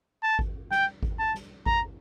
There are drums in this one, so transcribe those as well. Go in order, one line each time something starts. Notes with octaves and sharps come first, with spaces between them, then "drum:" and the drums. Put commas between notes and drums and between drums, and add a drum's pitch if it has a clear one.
A5
drum: kick G#1
G5, drum: snare
drum: kick G#1
A5
drum: snare
A#5, drum: kick G#1